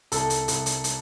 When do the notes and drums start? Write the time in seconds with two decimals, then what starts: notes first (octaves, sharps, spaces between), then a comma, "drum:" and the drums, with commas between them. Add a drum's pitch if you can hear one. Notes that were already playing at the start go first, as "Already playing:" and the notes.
0.12 C2 A4, drum: hi-hat
0.30 drum: hi-hat
0.48 C2, drum: hi-hat
0.66 drum: hi-hat
0.84 drum: hi-hat